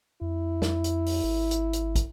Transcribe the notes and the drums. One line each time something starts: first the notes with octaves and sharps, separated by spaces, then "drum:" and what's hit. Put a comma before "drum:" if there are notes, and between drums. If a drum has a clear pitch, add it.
F2 E4
F2, drum: snare
drum: hi-hat
drum: open hi-hat
G#1
drum: hi-hat
drum: hi-hat
drum: kick, hi-hat